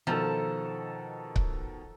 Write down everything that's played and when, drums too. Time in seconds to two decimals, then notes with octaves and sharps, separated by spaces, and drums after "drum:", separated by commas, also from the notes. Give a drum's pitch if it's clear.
0.07 B2 D#3 F3 A4 A5 A#5
1.36 drum: kick C#1